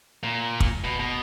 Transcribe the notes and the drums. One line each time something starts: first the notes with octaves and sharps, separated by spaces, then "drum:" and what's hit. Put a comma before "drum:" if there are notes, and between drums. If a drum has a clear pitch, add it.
A#2
drum: kick
B2
B2